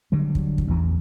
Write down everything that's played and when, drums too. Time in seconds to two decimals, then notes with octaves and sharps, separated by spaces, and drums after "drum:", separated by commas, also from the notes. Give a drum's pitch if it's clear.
0.12 D3 F#3 G3
0.35 drum: kick
0.58 drum: kick
0.67 A1 E2 E3